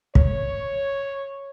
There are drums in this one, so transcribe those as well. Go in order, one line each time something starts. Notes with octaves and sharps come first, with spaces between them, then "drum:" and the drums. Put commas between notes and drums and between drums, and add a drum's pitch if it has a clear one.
C#5, drum: kick